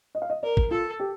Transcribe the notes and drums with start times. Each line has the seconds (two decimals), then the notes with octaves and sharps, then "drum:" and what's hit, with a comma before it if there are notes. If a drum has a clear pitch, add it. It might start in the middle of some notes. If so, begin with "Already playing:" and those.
0.15 D#5
0.22 F5
0.30 D#5
0.43 A#4 D5
0.57 drum: kick
0.71 F4 A4
1.00 G4